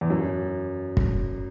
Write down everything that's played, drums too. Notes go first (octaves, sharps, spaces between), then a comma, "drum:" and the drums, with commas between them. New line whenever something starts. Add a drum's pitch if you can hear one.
E2
F#2
drum: kick